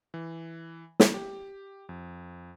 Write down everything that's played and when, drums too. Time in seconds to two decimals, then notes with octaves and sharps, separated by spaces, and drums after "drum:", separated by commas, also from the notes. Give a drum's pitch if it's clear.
0.14 E3
1.00 drum: snare
1.14 G4
1.89 F2